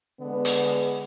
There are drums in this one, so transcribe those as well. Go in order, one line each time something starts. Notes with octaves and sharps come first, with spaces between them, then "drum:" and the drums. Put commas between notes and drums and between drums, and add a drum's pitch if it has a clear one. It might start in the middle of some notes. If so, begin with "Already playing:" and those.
D3 G#3 B3
drum: hi-hat